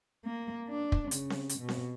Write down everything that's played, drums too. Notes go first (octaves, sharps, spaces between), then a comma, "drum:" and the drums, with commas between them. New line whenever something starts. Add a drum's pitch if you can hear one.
A#3
D4
drum: kick
C#3, drum: hi-hat
drum: snare C4
drum: hi-hat
B2
drum: snare C4